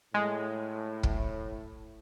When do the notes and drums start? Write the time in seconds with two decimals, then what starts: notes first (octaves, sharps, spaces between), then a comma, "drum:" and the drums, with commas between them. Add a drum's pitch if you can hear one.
0.14 A2 G#3
1.03 drum: kick